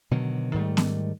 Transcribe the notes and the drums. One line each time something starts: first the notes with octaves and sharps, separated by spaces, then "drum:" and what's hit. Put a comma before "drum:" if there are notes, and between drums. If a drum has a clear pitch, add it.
B2 D3 D#3 F#3
G#2 D#3 G3 A3
drum: snare B3